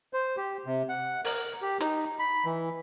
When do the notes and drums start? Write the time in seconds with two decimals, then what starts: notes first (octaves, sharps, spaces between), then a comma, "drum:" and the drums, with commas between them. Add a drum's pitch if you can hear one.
0.13 C5
0.37 G4
0.66 C3
0.89 F#5
1.25 A#4, drum: open hi-hat
1.61 G4
1.81 D#4, drum: hi-hat
2.19 B5
2.45 E3